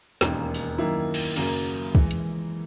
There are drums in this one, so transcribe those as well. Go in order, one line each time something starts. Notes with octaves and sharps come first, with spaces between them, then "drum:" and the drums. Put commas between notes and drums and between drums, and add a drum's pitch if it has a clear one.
E1 D#2 D#3 A#3 C#4, drum: snare
drum: open hi-hat
F#2 D#3 A#3 E4
drum: cymbal
F#1 F#2 C#3 F#3 A#3, drum: cymbal
E3 G#3, drum: kick
drum: hi-hat